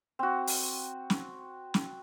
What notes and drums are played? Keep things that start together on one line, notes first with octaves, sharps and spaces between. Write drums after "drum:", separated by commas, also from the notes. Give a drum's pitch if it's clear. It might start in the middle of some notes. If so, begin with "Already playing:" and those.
C4 F#4
drum: open hi-hat
drum: snare
drum: snare